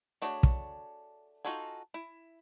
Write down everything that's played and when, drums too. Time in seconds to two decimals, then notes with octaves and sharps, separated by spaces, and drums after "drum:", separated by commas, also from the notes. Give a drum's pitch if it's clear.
0.22 A3 D4 F#4 G#4 C#5
0.43 drum: kick
1.45 D#4 F4 F#4 A4 G#5
1.94 E4